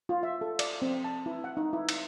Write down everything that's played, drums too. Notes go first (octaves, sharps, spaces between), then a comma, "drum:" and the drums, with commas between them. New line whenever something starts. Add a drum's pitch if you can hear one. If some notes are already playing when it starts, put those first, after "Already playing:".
F4
E5
A4
D5, drum: cymbal
C4
A5
E4
F#5
D#4
E4
drum: cymbal